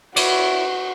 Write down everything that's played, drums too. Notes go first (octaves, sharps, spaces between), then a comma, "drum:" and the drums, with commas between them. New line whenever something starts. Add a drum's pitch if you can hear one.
E4 F#4 C#5 D5, drum: cymbal